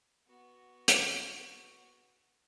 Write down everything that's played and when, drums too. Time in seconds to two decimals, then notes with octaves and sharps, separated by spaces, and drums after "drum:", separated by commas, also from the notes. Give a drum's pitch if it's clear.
0.27 B3 F#4
0.88 drum: hi-hat